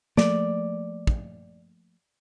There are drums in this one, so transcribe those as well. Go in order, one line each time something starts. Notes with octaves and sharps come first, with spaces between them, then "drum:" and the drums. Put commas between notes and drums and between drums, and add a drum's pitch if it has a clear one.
F3 A3 A#3 D5, drum: snare
drum: kick